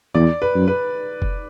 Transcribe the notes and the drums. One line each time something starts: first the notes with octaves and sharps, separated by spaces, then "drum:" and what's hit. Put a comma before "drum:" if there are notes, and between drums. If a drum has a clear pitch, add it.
E2 D5
B4
F#2
B4
drum: kick F1